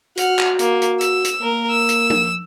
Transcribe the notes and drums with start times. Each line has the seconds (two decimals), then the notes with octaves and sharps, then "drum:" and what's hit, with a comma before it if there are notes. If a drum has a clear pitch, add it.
0.17 F#4 F#5 F6, drum: hi-hat
0.39 drum: clap
0.59 A#3, drum: hi-hat
0.82 drum: hi-hat
1.01 E6, drum: hi-hat
1.24 drum: hi-hat
1.42 A#3 A#4
1.71 E6
1.89 drum: hi-hat
2.10 drum: tom